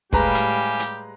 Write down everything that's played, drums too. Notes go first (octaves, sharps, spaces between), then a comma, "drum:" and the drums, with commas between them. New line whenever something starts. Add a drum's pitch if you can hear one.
A2 G3 G#3 G4 B4 F5 G#5 A#5, drum: kick
drum: hi-hat
drum: hi-hat